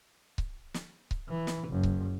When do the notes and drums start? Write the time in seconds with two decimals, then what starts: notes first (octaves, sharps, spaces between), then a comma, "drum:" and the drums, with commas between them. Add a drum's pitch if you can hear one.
0.38 drum: kick C#1
0.74 drum: snare
1.11 drum: kick C#1
1.29 E3
1.47 drum: snare
1.69 F#1 F#2
1.83 drum: kick C#1